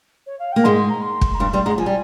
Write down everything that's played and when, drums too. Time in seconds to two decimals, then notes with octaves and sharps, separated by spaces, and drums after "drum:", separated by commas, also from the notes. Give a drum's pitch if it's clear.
0.27 C#5
0.39 F5
0.52 A#3 G5
0.64 G#2 G#3 C6
0.77 C6
0.89 A#5
1.02 C6
1.21 drum: kick
1.35 A#5
1.40 G2 G3 C6
1.53 G2 G3 C6
1.65 G#2 G#3 A#5
1.78 F3 G#5
1.86 G3